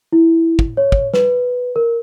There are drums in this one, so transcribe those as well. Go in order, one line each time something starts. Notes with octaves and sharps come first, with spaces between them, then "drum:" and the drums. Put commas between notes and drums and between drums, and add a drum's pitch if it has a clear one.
E4
drum: kick
C#5
drum: kick
B4, drum: snare
A#4